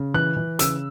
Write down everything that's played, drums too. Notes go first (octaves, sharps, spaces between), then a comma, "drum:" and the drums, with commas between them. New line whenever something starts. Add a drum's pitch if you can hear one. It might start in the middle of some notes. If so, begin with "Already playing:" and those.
Already playing: C#3
E3 F#6
E3
C#3 E6, drum: hi-hat